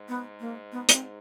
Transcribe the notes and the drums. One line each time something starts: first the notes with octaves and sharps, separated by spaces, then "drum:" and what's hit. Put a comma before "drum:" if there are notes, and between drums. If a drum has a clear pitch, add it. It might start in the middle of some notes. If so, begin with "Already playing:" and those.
Already playing: G#2
B3
A#3
B3
B3, drum: hi-hat
C4